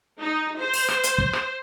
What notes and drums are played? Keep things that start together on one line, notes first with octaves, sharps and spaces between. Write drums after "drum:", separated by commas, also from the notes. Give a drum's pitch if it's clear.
D#4
C5
drum: open hi-hat
drum: rim click
drum: hi-hat
drum: kick
drum: rim click